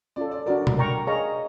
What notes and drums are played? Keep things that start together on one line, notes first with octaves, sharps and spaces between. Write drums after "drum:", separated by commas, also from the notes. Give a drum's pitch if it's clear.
C#4 F4 A4 D5
D5
D4 F#4 A#4 D5
drum: tom B2
A#4 D5 G5 A#5 C#6
G#4 C#5 D#5 F5 A#5